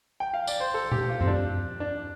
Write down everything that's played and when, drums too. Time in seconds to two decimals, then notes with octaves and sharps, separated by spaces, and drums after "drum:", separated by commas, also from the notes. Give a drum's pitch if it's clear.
0.20 G5
0.34 F5
0.47 D5, drum: tambourine
0.60 C5
0.74 A4
0.92 G4, drum: tom B2
1.09 F4
1.21 C4, drum: tom F#2
1.28 D4
1.80 D4